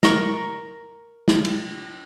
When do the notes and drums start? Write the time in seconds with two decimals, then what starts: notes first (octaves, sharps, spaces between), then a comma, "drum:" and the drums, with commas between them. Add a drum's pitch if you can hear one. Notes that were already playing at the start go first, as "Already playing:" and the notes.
0.03 A#4 C#6, drum: snare
1.28 drum: snare
1.45 drum: cymbal